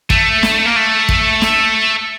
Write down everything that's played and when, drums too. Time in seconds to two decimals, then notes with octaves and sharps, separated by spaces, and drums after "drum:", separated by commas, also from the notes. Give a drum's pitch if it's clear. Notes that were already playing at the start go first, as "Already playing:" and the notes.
0.10 A3, drum: kick
0.43 drum: snare
0.66 A#3
0.76 A3
1.09 drum: kick
1.42 drum: snare